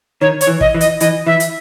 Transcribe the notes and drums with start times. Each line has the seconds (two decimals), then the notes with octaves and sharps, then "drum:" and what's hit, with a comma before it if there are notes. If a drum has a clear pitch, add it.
0.21 D#3 C#5
0.41 C#5, drum: hi-hat
0.47 E3
0.61 D#5, drum: kick
0.74 E3
0.81 D#5, drum: hi-hat
1.00 E3 D#5, drum: hi-hat
1.27 E3 E5
1.40 drum: hi-hat